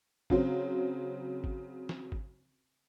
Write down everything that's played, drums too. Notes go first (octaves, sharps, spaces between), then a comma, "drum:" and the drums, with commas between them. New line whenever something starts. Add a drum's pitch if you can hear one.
C#3 F#3 C4, drum: kick G#1
drum: kick G#1
drum: snare
drum: kick G#1